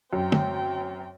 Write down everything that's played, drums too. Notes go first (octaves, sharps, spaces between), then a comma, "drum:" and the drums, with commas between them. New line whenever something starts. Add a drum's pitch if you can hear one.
F#2 C4 G5
drum: tom